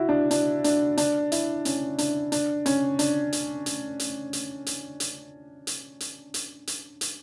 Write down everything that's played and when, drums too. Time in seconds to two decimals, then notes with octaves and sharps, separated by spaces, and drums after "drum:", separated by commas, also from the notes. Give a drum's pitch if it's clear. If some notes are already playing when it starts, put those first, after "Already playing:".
Already playing: E4 F#4
0.09 D4
0.31 D4, drum: hi-hat
0.64 D4, drum: hi-hat
0.97 D4, drum: hi-hat
1.32 E4, drum: hi-hat
1.65 C#4, drum: hi-hat
1.98 D4, drum: hi-hat
2.32 D4, drum: hi-hat
2.66 C#4, drum: hi-hat
2.99 D4, drum: hi-hat
3.33 drum: hi-hat
3.66 drum: hi-hat
4.00 drum: hi-hat
4.33 drum: hi-hat
4.66 drum: hi-hat
5.00 drum: hi-hat
5.67 drum: hi-hat
6.00 drum: hi-hat
6.34 drum: hi-hat
6.67 drum: hi-hat
7.01 drum: hi-hat